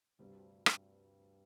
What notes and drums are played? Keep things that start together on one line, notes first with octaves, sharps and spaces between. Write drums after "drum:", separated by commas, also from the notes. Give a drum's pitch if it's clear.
D2 G2 C3 G3 C4
G2, drum: rim click